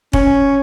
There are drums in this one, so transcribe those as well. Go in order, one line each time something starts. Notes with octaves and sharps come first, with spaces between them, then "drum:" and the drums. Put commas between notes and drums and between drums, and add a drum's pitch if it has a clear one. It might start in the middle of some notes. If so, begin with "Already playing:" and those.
C#4, drum: kick